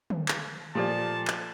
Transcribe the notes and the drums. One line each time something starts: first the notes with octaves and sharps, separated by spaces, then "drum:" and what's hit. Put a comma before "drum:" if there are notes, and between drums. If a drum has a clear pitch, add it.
drum: tom
drum: clap
A#2 F3 G4 A4 D5 A5
drum: clap